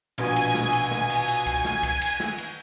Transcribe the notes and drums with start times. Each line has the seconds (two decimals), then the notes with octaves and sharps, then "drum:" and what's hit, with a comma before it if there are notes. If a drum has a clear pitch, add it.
0.18 A#1 B2 G#5, drum: cymbal
0.36 drum: cymbal
0.55 drum: snare
0.73 drum: cymbal
0.91 drum: snare
1.10 drum: cymbal
1.28 drum: cymbal
1.46 drum: kick, cymbal
1.65 drum: snare
1.83 drum: kick, cymbal
2.02 drum: cymbal
2.20 drum: snare
2.38 drum: cymbal